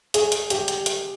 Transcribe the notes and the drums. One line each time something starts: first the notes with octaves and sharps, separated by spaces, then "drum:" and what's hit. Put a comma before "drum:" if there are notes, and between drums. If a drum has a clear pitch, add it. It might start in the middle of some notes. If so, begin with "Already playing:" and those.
G#4, drum: hi-hat
drum: hi-hat
G4, drum: hi-hat
drum: hi-hat
drum: hi-hat